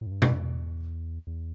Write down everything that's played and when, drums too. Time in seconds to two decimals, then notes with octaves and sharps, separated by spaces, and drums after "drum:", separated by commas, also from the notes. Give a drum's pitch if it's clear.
0.01 A2
0.06 F#2
0.12 G2
0.22 F#2, drum: tom B2
0.32 F2
0.43 E2
1.27 E2